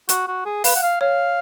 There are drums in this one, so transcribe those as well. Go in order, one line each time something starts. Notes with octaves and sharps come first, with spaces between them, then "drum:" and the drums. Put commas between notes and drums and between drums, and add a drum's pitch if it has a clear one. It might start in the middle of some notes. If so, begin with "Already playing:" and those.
F#4, drum: hi-hat
F#4
G#4
B4 F5, drum: open hi-hat
F#5
F5
C#5 F5